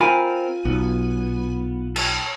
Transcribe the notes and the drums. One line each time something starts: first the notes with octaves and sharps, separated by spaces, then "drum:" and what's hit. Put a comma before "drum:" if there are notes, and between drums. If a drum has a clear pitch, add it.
C4 F4 A#4 G#5 B5
B1 B3
A4 C#5, drum: cymbal